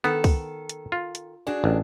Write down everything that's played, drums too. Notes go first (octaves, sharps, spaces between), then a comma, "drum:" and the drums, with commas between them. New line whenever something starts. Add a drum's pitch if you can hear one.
D#3 B3 A4
drum: kick, open hi-hat
drum: hi-hat
F4
drum: hi-hat
D4 F#4 G#4
A1